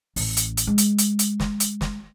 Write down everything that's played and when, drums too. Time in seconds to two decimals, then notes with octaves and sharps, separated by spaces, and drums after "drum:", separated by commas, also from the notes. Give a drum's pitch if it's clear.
0.16 A1, drum: open hi-hat
0.37 drum: hi-hat
0.57 drum: hi-hat
0.67 G#3
0.78 drum: hi-hat
0.99 drum: hi-hat
1.19 drum: hi-hat
1.40 drum: snare
1.60 drum: hi-hat
1.81 drum: snare